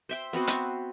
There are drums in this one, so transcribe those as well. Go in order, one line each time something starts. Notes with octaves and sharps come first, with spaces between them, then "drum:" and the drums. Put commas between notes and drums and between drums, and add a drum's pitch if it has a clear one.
C5 E5 G5
B3 C4 F#4 B4
drum: hi-hat